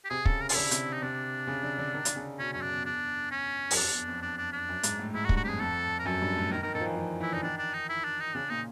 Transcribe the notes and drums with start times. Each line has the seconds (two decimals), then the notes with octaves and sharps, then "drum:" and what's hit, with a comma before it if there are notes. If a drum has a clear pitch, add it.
0.05 G4
0.10 C3 G#4
0.25 C#3 A4, drum: kick
0.41 A#4
0.49 F4, drum: open hi-hat
0.56 D3 E4
0.71 C3, drum: hi-hat
0.93 D#4
1.02 C3 D4
1.47 C#3
1.63 D3
1.78 D3
1.94 D#3
2.05 D3, drum: hi-hat
2.16 C#3
2.39 B2 C#4
2.53 F#2 C#4
2.62 D4
2.70 E2
2.86 D4
3.31 C#4
3.71 F#2, drum: open hi-hat
3.77 F2 D4
3.92 E2
4.08 F2
4.22 D4
4.37 D4
4.53 D4
4.69 F#2
4.83 G#2, drum: hi-hat
4.99 A2
5.14 G#2 E4
5.25 F#4
5.29 G2, drum: kick
5.37 F#4
5.45 F2 G4
5.49 G#4
5.60 F2 A4
5.99 A#4
6.05 F#2 A4
6.22 G2
6.36 A2
6.51 D#3 A#4
6.63 D#3 A#4
6.74 D#3 A4
6.81 F3
6.86 E3
6.97 F3
7.20 E3 E4
7.32 D3 D#4
7.43 D#3 D4
7.58 D4
7.74 D#4
7.90 E4
8.04 D4
8.20 D#4
8.35 C#3 D4
8.50 A#2 D#4